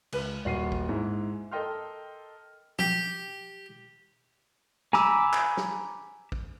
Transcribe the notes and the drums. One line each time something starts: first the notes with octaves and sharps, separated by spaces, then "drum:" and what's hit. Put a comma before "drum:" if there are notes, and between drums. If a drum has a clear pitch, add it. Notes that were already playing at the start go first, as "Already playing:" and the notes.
C#2 B4, drum: cymbal
D#1 F#4 C7 D#7
drum: kick
G#2 E4
A4 A#4 D#5 G5 C6 F6
G4, drum: tom F3
G#5 A#5 B5 D6 E6, drum: snare
drum: clap
drum: snare
drum: kick